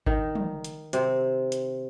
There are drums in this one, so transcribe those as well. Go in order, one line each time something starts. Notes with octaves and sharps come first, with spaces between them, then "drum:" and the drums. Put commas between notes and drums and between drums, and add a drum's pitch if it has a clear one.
D#3 D#4, drum: kick G#1
drum: tom
drum: hi-hat
C3 C4, drum: hi-hat
drum: hi-hat